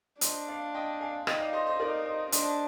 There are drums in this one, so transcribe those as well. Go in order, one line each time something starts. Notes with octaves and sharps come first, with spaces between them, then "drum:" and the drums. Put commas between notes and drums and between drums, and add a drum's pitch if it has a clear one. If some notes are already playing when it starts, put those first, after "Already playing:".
D4 C5 D#5, drum: hi-hat
D5 F5
D#5 G5
F5 G#5
D#4 D#5 G5, drum: rim click
D5 F5
C5 D#5
C5 D#5
D#4 A#4 D5
C5 D#5
D4 C5 D#5, drum: hi-hat